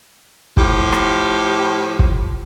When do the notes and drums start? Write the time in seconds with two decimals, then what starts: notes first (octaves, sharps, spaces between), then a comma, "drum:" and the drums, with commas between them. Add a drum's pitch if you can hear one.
0.57 A2 F3 G4, drum: kick
0.92 drum: rim click
1.99 drum: kick